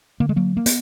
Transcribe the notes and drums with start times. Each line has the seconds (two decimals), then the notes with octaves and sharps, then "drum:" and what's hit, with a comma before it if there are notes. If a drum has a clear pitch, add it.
0.20 D3 A#3
0.29 G#3
0.36 F#3 A#3
0.57 A#3
0.66 B3, drum: hi-hat